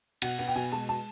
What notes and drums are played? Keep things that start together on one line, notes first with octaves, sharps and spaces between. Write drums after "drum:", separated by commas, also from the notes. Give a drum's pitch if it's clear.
B2 F#5, drum: cymbal
B3 F#5
G5
B2 G#5
G#3 A5
A5